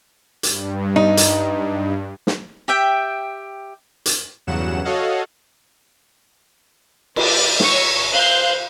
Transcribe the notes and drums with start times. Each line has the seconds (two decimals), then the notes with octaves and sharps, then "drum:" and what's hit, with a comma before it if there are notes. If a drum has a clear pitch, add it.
0.43 G2, drum: hi-hat
0.96 D#4
1.17 drum: hi-hat
2.27 drum: snare
2.68 G4 E5 G5
4.06 drum: hi-hat
4.47 E2 G2 C#3 F#3 F#5 E7
4.84 F#4 A4 C#5 D#5 F5 F#5
7.16 D5, drum: cymbal
7.60 C#5 C#6 E6, drum: snare
8.12 C5 F5 F#6 G6